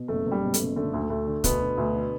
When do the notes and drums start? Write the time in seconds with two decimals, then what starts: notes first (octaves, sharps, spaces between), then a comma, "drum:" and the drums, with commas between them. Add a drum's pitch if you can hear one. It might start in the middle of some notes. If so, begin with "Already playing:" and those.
Already playing: B2
0.08 F#1 A3
0.26 F#1
0.31 G3
0.43 B2
0.54 A3, drum: hi-hat
0.59 F#1
0.76 D3 A3
0.93 D2
1.10 D2 A3
1.27 D3
1.44 D2 B2 B3, drum: kick, hi-hat
1.61 D3
1.78 D2
1.94 D3